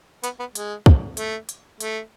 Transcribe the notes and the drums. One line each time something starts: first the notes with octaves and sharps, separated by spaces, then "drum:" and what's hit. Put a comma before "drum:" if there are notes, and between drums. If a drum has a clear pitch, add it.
B3, drum: hi-hat
B3
G#3, drum: hi-hat
drum: kick
A3, drum: hi-hat
drum: hi-hat
A3, drum: hi-hat